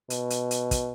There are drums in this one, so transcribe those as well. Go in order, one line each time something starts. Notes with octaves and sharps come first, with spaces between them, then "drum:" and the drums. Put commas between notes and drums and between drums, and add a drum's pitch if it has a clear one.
B2, drum: hi-hat
drum: hi-hat
drum: hi-hat
drum: kick, hi-hat